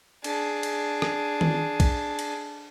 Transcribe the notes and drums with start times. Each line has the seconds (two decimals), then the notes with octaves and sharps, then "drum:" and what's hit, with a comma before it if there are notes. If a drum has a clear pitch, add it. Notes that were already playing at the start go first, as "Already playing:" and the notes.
0.24 D4 G#4, drum: cymbal
0.63 drum: cymbal
1.02 drum: rim click
1.41 drum: tom D#3
1.80 drum: kick, cymbal
2.19 drum: cymbal